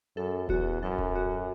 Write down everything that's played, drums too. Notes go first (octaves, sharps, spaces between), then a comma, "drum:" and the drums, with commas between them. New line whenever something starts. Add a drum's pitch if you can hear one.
F#2 A4
E2 F#4, drum: kick D#1
F#2 A4
drum: kick D#1
F#4